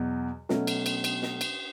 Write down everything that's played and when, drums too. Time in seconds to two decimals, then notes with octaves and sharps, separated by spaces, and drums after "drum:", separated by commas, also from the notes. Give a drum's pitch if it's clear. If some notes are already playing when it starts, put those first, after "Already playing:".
Already playing: E2 B2 F#3
0.49 B2 F#3 A3 C#4, drum: snare
0.67 drum: cymbal
0.86 drum: cymbal
1.04 drum: cymbal
1.22 drum: snare
1.41 drum: cymbal